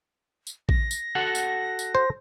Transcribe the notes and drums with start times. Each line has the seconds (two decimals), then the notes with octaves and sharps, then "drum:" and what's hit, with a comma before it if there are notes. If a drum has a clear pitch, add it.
0.47 drum: tambourine
0.69 A#6, drum: kick A#1
0.91 drum: tambourine
1.15 F#4 A4 F#5
1.35 drum: tambourine
1.79 drum: tambourine
1.95 C5